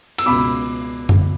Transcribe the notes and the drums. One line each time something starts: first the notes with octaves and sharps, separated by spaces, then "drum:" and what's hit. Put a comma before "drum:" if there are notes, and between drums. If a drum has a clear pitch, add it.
E6, drum: cymbal
C#2 B2 B5 D6
drum: tom F#2